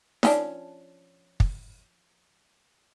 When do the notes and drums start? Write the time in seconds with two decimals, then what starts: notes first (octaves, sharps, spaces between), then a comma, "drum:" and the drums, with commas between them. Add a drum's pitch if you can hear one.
0.23 F3 C#4 D4, drum: snare D#4
1.40 drum: kick